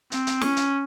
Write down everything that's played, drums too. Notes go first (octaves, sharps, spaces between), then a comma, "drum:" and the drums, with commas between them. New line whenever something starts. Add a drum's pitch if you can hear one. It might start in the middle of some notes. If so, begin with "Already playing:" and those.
C4, drum: hi-hat
drum: hi-hat
C#4, drum: snare
drum: hi-hat